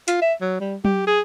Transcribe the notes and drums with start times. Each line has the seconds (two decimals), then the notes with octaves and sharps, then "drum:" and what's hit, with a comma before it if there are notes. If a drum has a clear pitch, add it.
0.08 F4, drum: hi-hat
0.22 E5
0.41 F#3
0.60 G3
0.85 G4, drum: tom F#3
1.07 G#4